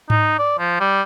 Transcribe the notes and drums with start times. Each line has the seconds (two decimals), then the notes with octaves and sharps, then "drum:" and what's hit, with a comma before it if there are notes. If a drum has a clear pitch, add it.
0.10 D#4, drum: tom G#2
0.39 D5
0.59 F3
0.80 G3